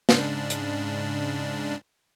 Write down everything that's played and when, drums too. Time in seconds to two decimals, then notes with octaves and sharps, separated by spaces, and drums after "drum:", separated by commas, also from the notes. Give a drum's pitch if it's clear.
0.09 G#2 C#3 D4, drum: snare
0.50 drum: hi-hat